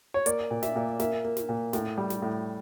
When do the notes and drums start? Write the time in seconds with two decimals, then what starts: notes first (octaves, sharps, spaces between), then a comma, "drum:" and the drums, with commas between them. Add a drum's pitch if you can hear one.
0.14 C#5
0.26 A#3 D5, drum: hi-hat
0.51 A#2
0.63 E5, drum: snare
0.76 A#2
1.00 A#3 E5, drum: snare
1.24 A#3
1.37 drum: snare
1.49 A#2
1.73 A2, drum: snare
1.98 G3
2.10 drum: snare
2.22 A2